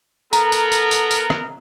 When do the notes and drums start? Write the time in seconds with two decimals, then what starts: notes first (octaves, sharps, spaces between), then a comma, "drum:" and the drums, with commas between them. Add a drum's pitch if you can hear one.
0.33 B3 A4 A#4 A#5, drum: tambourine
0.52 drum: tambourine
0.72 drum: tambourine
0.91 drum: tambourine
1.11 drum: tambourine
1.30 drum: rim click